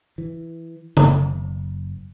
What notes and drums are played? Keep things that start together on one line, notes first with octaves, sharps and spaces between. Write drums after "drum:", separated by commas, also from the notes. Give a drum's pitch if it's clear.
E3
F#1, drum: tom C#3